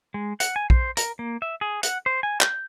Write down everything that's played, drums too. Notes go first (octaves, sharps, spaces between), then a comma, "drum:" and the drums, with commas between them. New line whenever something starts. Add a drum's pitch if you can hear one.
G#3
F#5, drum: hi-hat
G#5
C5, drum: kick A#1
A#4, drum: hi-hat
A#3
E5
G#4
F#5, drum: hi-hat
C5
G#5
G6, drum: clap